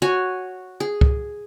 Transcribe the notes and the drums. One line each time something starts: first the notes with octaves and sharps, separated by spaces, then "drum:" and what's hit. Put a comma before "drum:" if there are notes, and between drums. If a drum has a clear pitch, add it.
F#4 C#5 G#5
G#4
drum: kick